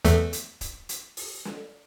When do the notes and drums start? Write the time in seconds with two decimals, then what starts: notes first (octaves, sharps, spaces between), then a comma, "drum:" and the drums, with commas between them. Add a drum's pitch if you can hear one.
0.05 E2 A3, drum: hi-hat
0.33 drum: hi-hat
0.61 drum: kick, hi-hat
0.89 drum: hi-hat
1.17 drum: open hi-hat
1.45 drum: snare